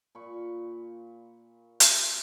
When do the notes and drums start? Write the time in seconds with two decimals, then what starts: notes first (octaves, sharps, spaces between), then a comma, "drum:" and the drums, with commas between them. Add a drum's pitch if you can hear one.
0.15 A#2 B5 C#6
1.80 drum: hi-hat